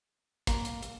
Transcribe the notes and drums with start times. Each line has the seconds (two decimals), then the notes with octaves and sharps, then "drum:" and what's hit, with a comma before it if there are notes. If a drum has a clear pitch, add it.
0.47 A#3, drum: kick, hi-hat
0.65 drum: hi-hat
0.83 drum: hi-hat